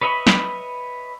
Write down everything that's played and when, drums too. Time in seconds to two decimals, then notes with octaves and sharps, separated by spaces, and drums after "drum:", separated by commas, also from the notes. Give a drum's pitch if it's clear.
0.01 B4 C#5 D#5 E5 B5
0.27 drum: snare